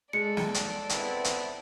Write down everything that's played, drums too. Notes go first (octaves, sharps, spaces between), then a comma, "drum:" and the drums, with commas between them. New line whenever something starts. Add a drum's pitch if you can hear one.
G#3 A4 D5 C#7
drum: snare
drum: hi-hat
B3 C4 E4, drum: hi-hat
drum: hi-hat